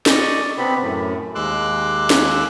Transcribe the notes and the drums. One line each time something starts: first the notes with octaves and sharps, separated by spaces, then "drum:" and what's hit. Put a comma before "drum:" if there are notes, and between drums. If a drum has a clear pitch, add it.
D5 D#5 C#6, drum: snare
C3 B3 C4 G4 B5
F#2 A2
D#2 G#3 C6 D6 E6 F#6
drum: snare